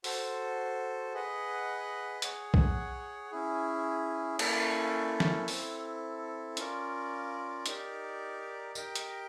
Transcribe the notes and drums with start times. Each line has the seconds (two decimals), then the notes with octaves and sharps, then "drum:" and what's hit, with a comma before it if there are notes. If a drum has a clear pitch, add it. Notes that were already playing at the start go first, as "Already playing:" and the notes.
0.04 F#4 A4 C5, drum: open hi-hat
1.14 G#4 B4 D#5 F#5
2.22 G#4 C#5 F#5, drum: hi-hat
2.54 drum: kick B1
3.31 C#4 E4 G#4
4.39 A#3 C#4 E4 A4, drum: cymbal
5.20 drum: snare
5.48 C4 E4 A4, drum: open hi-hat
6.57 C#4 F4 A#4 D5, drum: hi-hat
7.66 D#4 G4 A#4 D5, drum: hi-hat
8.75 G4 A#4 D#5 G5, drum: tambourine
8.95 drum: hi-hat